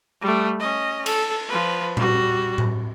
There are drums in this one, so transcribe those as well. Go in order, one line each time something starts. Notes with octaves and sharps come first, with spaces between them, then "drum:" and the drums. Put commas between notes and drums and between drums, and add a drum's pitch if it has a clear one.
G3 A3
C#4 D#5
A4, drum: cymbal
F3 B4
G3 F#4, drum: tom A#2
drum: tom A2